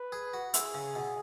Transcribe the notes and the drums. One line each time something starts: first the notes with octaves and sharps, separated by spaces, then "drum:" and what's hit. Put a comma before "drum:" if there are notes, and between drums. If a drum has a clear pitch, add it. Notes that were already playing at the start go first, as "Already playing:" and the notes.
Already playing: B4
G#4
F#4
E4 G#4, drum: hi-hat
C#3
B2